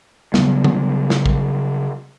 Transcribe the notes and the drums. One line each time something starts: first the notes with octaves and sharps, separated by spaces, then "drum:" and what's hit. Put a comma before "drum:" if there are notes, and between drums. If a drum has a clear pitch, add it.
C#3 F#3 G3 B3, drum: snare
drum: tom C#3
drum: snare
drum: kick